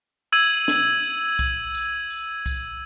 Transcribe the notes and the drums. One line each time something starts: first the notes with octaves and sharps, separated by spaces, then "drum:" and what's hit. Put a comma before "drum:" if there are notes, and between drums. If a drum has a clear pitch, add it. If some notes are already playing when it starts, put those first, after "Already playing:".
E6 G#6 D#7 F#7, drum: tambourine
drum: snare
drum: tambourine
drum: kick C2, tambourine
drum: tambourine
drum: tambourine
drum: kick C2, tambourine